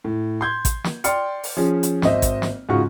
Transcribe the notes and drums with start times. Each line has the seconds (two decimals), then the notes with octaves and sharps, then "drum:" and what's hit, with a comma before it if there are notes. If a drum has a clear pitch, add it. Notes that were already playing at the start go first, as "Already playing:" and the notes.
0.04 A2
0.41 C6 G6 G#6
0.65 drum: kick A1, hi-hat
0.84 drum: snare
1.04 D5 G5 C6 F6 C#7, drum: hi-hat
1.43 drum: open hi-hat
1.57 F3 C#4 G#4
1.83 drum: hi-hat
2.02 G#1 C5 D#5 E5, drum: snare
2.22 drum: kick A1, hi-hat
2.42 drum: snare
2.69 G#2 C#3 F4 F#4 C#6